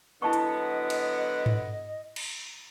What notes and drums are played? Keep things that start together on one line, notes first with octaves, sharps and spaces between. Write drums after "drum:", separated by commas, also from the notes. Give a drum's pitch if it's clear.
D3 F#3 B3 E4 D#5 A5 C#6
drum: hi-hat
drum: cymbal
drum: tom G#2
drum: cymbal